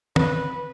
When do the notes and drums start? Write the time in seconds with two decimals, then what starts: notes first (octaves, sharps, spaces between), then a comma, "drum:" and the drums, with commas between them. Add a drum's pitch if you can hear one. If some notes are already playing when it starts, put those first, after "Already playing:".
0.16 B4, drum: tom